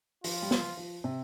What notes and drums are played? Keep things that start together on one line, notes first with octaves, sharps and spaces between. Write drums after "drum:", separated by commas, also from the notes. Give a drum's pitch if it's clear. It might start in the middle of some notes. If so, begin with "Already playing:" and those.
F3 F4, drum: open hi-hat
G3
F3, drum: snare
F3
C3